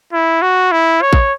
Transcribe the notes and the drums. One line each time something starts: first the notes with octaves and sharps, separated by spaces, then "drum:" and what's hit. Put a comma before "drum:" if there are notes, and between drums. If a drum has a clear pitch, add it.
E4
F#4
E4
C#5
drum: kick A1